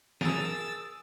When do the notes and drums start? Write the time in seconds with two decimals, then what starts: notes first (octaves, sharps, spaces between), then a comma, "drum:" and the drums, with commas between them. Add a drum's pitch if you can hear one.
0.21 G#4 A#4 E6 A6, drum: snare